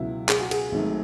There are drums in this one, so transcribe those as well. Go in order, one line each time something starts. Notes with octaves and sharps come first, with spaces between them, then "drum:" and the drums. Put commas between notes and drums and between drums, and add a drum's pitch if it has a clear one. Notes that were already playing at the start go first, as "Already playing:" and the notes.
Already playing: C#2 B2 F#3 E4
G#4, drum: clap
F#4
G#4, drum: cymbal
G#1 G#2 F#3 A3